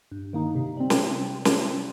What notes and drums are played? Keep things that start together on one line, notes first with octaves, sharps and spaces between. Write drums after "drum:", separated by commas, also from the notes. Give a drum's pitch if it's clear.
G2
D#3 A#3 D#4
C3
G3 C4
drum: snare
drum: snare